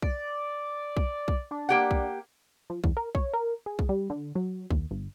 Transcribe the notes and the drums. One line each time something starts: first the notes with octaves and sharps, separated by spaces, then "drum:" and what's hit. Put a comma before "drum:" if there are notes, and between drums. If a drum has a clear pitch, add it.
D5, drum: kick B1
drum: kick B1
drum: kick B1
D4
A#3 G4 F#5
drum: kick B1
F3
E2, drum: kick B1
A#4
C#5, drum: kick B1
A#4
G#4
drum: kick B1
G3
D3
F#3
D#2, drum: kick B1
G1